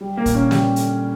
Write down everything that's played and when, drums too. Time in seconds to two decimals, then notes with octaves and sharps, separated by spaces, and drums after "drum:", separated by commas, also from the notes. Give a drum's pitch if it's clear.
0.01 G3
0.17 A#3
0.26 A#2, drum: kick, hi-hat
0.35 C#4
0.51 G3, drum: snare
0.76 D3, drum: hi-hat